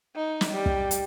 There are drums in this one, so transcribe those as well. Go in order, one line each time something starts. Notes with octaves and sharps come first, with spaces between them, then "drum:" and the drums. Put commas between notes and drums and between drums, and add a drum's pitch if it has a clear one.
D#4
drum: snare
G3
drum: kick
drum: hi-hat